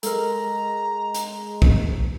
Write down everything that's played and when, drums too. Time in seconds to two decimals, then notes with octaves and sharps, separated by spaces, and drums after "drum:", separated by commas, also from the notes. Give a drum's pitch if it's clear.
0.03 G#3 A4 A#4 A#5, drum: hi-hat
1.15 drum: hi-hat
1.62 drum: kick